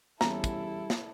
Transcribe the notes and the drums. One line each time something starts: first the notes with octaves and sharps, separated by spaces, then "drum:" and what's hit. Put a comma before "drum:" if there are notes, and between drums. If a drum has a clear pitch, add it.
E2 G3 A3 C#4 E4 A4 A#5, drum: snare
drum: kick, hi-hat
drum: snare